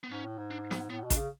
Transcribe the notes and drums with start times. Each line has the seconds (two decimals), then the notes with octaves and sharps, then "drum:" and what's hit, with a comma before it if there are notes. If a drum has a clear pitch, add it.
0.03 B3
0.11 G#2 C#4
0.25 A2
0.38 G#2
0.51 D4
0.71 B3, drum: snare
0.90 A2 B3
1.04 B2
1.10 D4, drum: kick A1, hi-hat
1.16 C#3